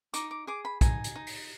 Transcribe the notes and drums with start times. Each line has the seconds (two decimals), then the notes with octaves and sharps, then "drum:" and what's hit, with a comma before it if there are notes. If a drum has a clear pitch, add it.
0.14 D#4 D6, drum: hi-hat
0.31 D6
0.47 G#4 D6
0.65 B5
0.81 D#4 G#5, drum: kick, hi-hat
1.04 drum: hi-hat
1.16 D#4
1.27 drum: open hi-hat